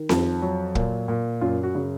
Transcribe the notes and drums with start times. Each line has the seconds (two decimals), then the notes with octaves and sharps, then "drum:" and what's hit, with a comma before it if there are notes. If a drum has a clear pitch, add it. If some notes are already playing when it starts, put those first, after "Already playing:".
Already playing: D#3
0.09 F2 F4, drum: snare C4
0.42 F#3
0.75 A#2, drum: kick
1.08 A#2
1.41 F#2 F4
1.63 F#4
1.75 C#3